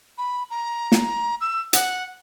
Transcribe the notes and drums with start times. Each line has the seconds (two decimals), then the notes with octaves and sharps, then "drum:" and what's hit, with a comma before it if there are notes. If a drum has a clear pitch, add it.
0.18 B5
0.50 A#5
0.92 drum: snare
1.41 E6
1.73 F#5, drum: hi-hat